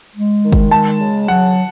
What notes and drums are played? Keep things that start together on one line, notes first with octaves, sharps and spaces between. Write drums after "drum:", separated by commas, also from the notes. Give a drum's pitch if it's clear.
G#3
D#3
drum: kick
G#3 A5
C#3
F#3 F#5